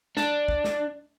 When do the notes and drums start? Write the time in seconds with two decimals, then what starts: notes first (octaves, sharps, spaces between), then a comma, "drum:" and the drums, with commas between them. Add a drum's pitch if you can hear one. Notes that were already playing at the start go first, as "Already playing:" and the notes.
0.17 D4, drum: snare
0.48 drum: kick
0.64 drum: snare